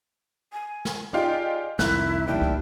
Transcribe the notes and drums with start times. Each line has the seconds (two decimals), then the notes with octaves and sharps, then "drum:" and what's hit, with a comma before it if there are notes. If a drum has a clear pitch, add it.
0.53 G#5
0.85 drum: snare
1.13 D#4 F4 G4 G#4 D5 G5
1.79 C2 F2 D#3 E4 F#6, drum: snare
2.28 A1 D#2 G3 D4 E4 G5
2.41 drum: kick